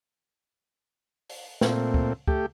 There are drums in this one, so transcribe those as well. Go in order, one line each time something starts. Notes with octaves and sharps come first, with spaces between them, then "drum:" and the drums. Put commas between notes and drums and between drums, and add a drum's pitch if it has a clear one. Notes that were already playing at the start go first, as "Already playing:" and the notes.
drum: open hi-hat
A#2 A3 C4, drum: snare
drum: kick
A3 G4, drum: kick